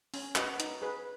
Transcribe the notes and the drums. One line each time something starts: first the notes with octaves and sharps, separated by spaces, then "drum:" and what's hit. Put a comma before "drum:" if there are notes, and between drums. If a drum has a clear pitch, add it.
C#4, drum: open hi-hat
F#4 B4 D#5 F#5, drum: clap
D#4, drum: hi-hat
G#4 B4